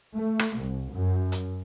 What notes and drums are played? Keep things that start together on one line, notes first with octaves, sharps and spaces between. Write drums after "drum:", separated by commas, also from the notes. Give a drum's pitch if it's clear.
A3
drum: rim click
C2
F#2
drum: hi-hat